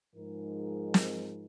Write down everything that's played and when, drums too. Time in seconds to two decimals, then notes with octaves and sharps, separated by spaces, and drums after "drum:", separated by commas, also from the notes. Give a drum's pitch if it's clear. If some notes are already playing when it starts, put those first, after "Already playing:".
0.15 G#2 F3 G#3 D#4 A#4
0.94 drum: snare